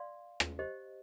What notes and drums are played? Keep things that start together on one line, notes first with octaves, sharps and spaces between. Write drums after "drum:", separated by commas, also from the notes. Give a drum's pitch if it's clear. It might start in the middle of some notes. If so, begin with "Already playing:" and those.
Already playing: D5 F5 C6
drum: rim click
G4 C5 D#5